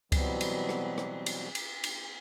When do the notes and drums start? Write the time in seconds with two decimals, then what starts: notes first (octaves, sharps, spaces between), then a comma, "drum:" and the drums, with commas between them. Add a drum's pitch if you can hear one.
0.12 B2 E3 F#3 G3 B3 C4, drum: kick C#2, cymbal
0.41 drum: cymbal
0.69 drum: rim click
0.98 drum: rim click
1.26 drum: cymbal
1.55 drum: cymbal
1.84 drum: cymbal